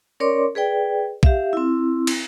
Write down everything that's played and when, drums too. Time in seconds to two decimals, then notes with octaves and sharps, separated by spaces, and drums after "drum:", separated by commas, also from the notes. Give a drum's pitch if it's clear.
0.20 C#4 A#4 C#5 D5 C6 D6
0.55 G#4 B4 D5 G5
1.23 G4 E5 F5, drum: kick
1.53 C4 E4
2.07 drum: cymbal